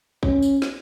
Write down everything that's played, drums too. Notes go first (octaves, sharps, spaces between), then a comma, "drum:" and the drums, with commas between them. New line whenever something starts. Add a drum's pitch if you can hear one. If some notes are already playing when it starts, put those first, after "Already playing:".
C#4, drum: kick
drum: tambourine
drum: snare